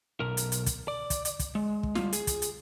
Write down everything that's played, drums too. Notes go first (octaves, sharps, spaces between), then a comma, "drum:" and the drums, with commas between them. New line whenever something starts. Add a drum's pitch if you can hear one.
B1 A#4
drum: hi-hat
drum: hi-hat
drum: kick, hi-hat
D5
drum: kick, hi-hat
drum: hi-hat
drum: kick, hi-hat
G#3
drum: kick
G3 F4, drum: snare
G#4, drum: hi-hat
drum: kick, hi-hat
drum: hi-hat